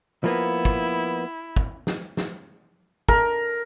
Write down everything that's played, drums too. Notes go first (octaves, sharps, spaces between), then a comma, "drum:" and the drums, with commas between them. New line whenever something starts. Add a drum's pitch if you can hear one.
F3 A#3 B3 E4
drum: kick
drum: kick
drum: snare
drum: snare
A#4, drum: kick